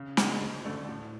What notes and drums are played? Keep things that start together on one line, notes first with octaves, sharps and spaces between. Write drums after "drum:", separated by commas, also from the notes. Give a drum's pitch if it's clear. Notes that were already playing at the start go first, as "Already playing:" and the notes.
Already playing: C#3
G#3 D4 F#4, drum: snare
D2
D3 A3 D4
A2